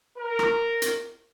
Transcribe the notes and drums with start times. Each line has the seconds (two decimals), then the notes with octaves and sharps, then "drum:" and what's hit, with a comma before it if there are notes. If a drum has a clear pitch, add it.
0.18 A#4
0.39 drum: rim click
0.82 drum: hi-hat